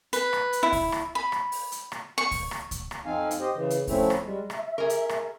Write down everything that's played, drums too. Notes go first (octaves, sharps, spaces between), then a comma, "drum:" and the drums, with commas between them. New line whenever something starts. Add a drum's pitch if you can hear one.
B4, drum: hi-hat
drum: rim click
drum: hi-hat
E4
drum: kick C#2, open hi-hat
drum: rim click
B5
drum: rim click
drum: open hi-hat
drum: hi-hat
drum: rim click
C#6
drum: kick C#2, open hi-hat
drum: rim click
drum: kick C#2, hi-hat
drum: rim click
F2 F3 C4 D#4 F5 G#5
drum: hi-hat
G4 C5 D#5
C#3 E3
drum: hi-hat
F3 A3 C4 C#4 E4, drum: kick C#2, open hi-hat
drum: rim click
G3 G#3
E5, drum: rim click
G#4 A#4
drum: hi-hat
drum: rim click